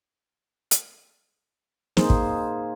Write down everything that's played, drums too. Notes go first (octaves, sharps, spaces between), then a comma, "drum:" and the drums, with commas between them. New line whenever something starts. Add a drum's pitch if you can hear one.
drum: hi-hat
A#3 D#4 G#4 C5, drum: snare
drum: kick